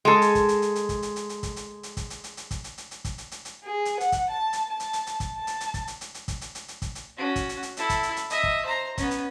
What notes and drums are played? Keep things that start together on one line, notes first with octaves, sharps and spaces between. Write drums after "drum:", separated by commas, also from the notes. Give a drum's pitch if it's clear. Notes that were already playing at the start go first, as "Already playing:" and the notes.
G#3 A4
drum: hi-hat
drum: kick, hi-hat
drum: hi-hat
drum: hi-hat
drum: hi-hat
drum: kick, hi-hat
drum: hi-hat
drum: hi-hat
drum: hi-hat
drum: kick, hi-hat
drum: hi-hat
drum: hi-hat
drum: kick, hi-hat
drum: hi-hat
drum: hi-hat
drum: hi-hat
drum: kick, hi-hat
drum: hi-hat
drum: hi-hat
drum: hi-hat
drum: kick, hi-hat
drum: hi-hat
drum: hi-hat
drum: hi-hat
G#4
drum: hi-hat
F#5, drum: hi-hat
drum: kick, hi-hat
A5
drum: hi-hat
A5
drum: hi-hat
drum: hi-hat
drum: hi-hat
drum: kick, hi-hat
A5
drum: hi-hat
drum: hi-hat
drum: kick, hi-hat
drum: hi-hat
drum: hi-hat
drum: hi-hat
drum: kick, hi-hat
drum: hi-hat
drum: hi-hat
drum: hi-hat
drum: kick, hi-hat
drum: hi-hat
C#4 F#4
drum: kick, hi-hat
drum: hi-hat
drum: hi-hat
E4 A4, drum: hi-hat
drum: kick, hi-hat
drum: hi-hat
drum: hi-hat
D#5 E5, drum: hi-hat
drum: kick
C5 A#5
B3 C#4, drum: kick, hi-hat
drum: hi-hat